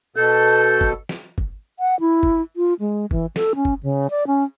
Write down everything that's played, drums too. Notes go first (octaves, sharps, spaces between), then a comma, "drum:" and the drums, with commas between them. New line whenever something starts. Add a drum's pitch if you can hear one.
B2 A4 G6
drum: kick
drum: snare
drum: kick
F#5
E4
drum: kick
F4
G#3
E3, drum: kick
A4, drum: snare
C#4
drum: kick
C#3
D5
C#4